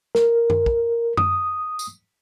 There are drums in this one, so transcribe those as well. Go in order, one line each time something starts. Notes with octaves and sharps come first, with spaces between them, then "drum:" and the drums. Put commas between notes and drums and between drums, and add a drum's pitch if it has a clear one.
A#4, drum: snare
drum: tom F#2
drum: kick
D#6, drum: tom F#2
drum: tambourine